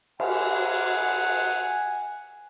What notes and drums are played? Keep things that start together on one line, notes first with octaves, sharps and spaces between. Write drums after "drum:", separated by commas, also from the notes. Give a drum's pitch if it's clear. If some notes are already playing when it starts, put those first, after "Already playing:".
F#5 G#5, drum: cymbal